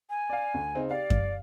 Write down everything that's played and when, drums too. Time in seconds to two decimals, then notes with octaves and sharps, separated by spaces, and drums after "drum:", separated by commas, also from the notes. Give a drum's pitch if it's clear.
0.10 G#5
0.30 D5 F5
0.54 D2
0.75 C#3 C4 D#4
0.90 G4 D5 F5
1.10 drum: kick F#2